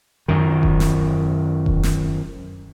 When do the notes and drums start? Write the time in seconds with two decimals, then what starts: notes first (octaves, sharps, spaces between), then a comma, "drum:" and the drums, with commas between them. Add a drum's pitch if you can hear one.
0.28 F#2 D#3
0.63 drum: kick E1
0.80 drum: snare
1.66 drum: kick E1
1.83 drum: snare